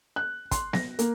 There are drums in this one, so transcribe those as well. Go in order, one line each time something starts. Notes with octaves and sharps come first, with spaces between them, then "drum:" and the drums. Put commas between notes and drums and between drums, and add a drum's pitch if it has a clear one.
F#6
C6, drum: kick, hi-hat
A#6, drum: snare B3
A#3, drum: hi-hat